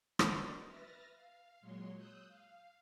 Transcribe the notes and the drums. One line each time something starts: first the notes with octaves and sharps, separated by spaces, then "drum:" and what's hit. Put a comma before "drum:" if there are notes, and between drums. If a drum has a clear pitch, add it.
D4 F#4 A#4 C5 D5 D#5, drum: rim click
B4 E5 F6 A6 A#6
F5
A#2 F#3 G#3 C#5 C6
D#6 E6 F#6 G6
F5